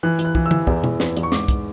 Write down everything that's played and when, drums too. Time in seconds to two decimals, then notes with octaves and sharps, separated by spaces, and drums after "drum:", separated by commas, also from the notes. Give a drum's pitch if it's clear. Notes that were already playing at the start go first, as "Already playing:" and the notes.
0.03 E3 F#6
0.19 E3, drum: hi-hat
0.25 F#6
0.35 E3, drum: kick
0.46 E6
0.51 E3, drum: tom D3
0.67 E2, drum: kick
0.84 E2, drum: tom B2
1.00 E2, drum: snare
1.17 E2, drum: hi-hat
1.23 C#6
1.32 G#2 D6, drum: snare
1.48 drum: kick, hi-hat